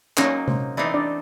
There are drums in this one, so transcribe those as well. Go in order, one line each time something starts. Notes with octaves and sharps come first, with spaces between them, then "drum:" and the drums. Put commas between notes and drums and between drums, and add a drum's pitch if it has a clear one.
F#3 A#3 C#4 D#4 C#5, drum: clap
C5, drum: tom C3
E3 A3 C4 D#4 D5
D#5
D4 D5